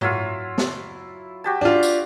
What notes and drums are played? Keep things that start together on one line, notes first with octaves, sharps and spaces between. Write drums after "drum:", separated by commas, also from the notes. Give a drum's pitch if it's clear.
F#3 E4 F4, drum: tom G#2
drum: snare
F#4 G4 A5
D4 F4
drum: tambourine